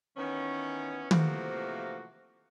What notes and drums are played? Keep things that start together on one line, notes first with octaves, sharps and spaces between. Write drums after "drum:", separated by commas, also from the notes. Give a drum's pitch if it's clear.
D#3 E3 B3 C#4
C3 E3 F3 A3 A#3 F#4, drum: tom